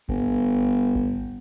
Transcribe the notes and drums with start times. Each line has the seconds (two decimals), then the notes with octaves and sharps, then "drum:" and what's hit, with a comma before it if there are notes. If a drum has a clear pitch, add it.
0.09 G1, drum: kick G#1
0.95 drum: kick G#1